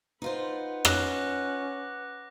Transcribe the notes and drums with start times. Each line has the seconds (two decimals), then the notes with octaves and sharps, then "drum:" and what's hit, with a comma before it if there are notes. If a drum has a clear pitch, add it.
0.22 D#4 F4 B4 C5 F#5
0.85 C#4 D6 F#6 A#6, drum: rim click